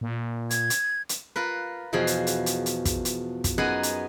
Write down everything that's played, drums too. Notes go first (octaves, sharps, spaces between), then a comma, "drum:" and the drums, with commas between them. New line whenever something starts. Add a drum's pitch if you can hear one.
A#2
G#6, drum: hi-hat
drum: hi-hat
drum: hi-hat
F4 A#4 B4
E2 B2 F3 G#4 G5
drum: hi-hat
drum: hi-hat
drum: hi-hat
drum: hi-hat
drum: kick, hi-hat
drum: hi-hat
drum: kick, hi-hat
F#2 B3 D#4 G#4 A#4 F#5
drum: hi-hat